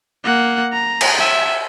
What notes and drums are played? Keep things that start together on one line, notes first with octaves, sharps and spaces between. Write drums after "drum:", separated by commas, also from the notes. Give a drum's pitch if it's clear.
A#3 F#5
A#5
drum: cymbal
E5